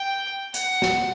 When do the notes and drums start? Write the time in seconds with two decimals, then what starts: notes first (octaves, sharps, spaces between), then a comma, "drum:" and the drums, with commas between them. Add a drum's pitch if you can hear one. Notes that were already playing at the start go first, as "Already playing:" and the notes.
Already playing: G5
0.54 F#5, drum: hi-hat
0.82 drum: snare